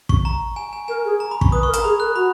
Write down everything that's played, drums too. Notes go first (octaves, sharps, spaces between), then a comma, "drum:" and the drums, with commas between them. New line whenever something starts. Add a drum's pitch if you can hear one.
C#6, drum: kick
A#5
G#5
G#5
A#4 G#5
G#4
A#5
B5
C#6, drum: kick
B4 D#6
A#4 C#6
A#5, drum: hi-hat
G#4 B5
A#4 F#6
F#4 B5